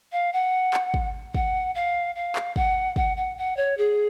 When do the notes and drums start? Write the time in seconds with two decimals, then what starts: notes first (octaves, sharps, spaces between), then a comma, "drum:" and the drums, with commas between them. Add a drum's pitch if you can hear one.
0.12 F5
0.33 F#5
0.74 drum: clap
0.94 drum: kick
1.35 F#5, drum: kick
1.75 F5
2.16 F5
2.36 drum: clap
2.56 F#5, drum: kick
2.96 F#5, drum: kick
3.17 F#5
3.38 F#5
3.57 C#5
3.77 G#4